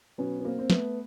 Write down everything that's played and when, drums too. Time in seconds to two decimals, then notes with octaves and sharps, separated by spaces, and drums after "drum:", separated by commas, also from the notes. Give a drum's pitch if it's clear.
0.18 B2 F#3 B3 C#4
0.40 B3
0.44 A#3 C4
0.59 C4
0.70 A3 B3, drum: snare